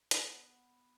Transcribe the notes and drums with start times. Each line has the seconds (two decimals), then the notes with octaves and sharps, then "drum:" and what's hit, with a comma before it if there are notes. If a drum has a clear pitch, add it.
0.11 B3, drum: hi-hat